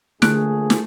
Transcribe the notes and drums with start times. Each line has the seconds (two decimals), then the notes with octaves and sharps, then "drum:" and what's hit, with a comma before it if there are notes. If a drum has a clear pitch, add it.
0.22 A#1 D3 A3 G#4 F#6 D7, drum: snare
0.70 drum: snare